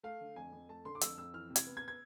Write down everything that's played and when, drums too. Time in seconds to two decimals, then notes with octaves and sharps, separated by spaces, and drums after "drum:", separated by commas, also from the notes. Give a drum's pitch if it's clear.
0.03 A3 F5
0.21 D3
0.36 F2 G#5
0.53 F2
0.69 A3 A5
0.85 D3 C6
0.95 D6
1.01 F2 E6, drum: hi-hat
1.17 F2 E6
1.34 E3 F6
1.50 C3
1.56 G#6, drum: hi-hat
1.67 B3
1.77 G#6
1.88 G#6